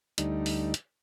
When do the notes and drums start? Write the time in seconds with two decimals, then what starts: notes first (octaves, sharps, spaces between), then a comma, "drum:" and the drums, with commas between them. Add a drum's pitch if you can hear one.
0.18 D2 G3 D#4, drum: hi-hat
0.46 drum: open hi-hat
0.74 drum: hi-hat